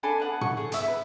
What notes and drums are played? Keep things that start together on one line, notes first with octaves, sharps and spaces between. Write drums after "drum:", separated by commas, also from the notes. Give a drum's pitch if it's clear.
D4 A4 G#5 B5
B3 F#5
C#6, drum: tom
G#4 A4
B3 E5, drum: hi-hat
B4